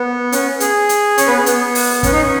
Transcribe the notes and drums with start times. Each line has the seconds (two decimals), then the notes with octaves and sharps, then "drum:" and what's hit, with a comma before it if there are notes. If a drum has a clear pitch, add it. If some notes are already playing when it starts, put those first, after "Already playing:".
Already playing: B3
0.32 C#4, drum: hi-hat
0.60 G#4, drum: hi-hat
0.89 drum: hi-hat
1.18 C#4 C#5, drum: hi-hat
1.27 B3 B4
1.37 G#4
1.46 B3, drum: hi-hat
1.75 drum: open hi-hat
2.03 C#4, drum: kick, hi-hat
2.12 D#4
2.21 C#4